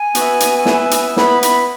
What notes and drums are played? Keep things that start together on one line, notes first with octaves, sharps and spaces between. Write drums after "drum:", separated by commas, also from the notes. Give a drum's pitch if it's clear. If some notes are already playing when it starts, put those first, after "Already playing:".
Already playing: G#5
B3 F#4 B4 E5, drum: hi-hat
drum: hi-hat
B3 E4 B4 E5, drum: snare
drum: hi-hat
B3 E4 B4 B5, drum: snare
B5, drum: hi-hat